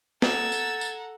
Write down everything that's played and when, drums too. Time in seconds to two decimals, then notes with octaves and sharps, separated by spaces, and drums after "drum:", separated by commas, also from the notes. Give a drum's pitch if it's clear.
0.22 A4 F#5 A#5 E6 G#6 A6, drum: snare
0.52 drum: tambourine
0.81 drum: tambourine